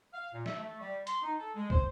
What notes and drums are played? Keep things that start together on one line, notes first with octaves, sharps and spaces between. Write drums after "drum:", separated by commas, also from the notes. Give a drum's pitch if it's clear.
F5
A#2
E5, drum: snare
A3
G3
C6, drum: hi-hat
D#4
A4
G#3
C5, drum: kick